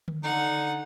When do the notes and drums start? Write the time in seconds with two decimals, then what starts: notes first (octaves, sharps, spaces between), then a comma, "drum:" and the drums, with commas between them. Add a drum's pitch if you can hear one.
0.08 drum: tom D3
0.24 D3 D#4 F#5